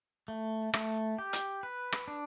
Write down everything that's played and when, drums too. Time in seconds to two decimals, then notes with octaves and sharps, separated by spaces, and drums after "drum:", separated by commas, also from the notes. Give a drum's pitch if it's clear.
0.28 A3
0.74 A3, drum: rim click
1.18 G4
1.33 drum: hi-hat
1.63 B4
1.92 drum: rim click
2.08 D4